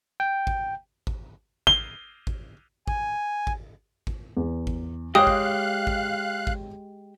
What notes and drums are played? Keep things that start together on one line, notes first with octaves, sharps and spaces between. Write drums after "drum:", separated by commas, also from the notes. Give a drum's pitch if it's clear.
G5
drum: kick G#1
drum: kick G#1
G7, drum: kick G#1
drum: kick G#1
G#5, drum: kick G#1
drum: kick G#1
drum: kick G#1
E2
drum: kick G#1
G#3 G4 C#5 F5 G5 D#6 F#6
drum: kick G#1
drum: kick G#1
drum: kick G#1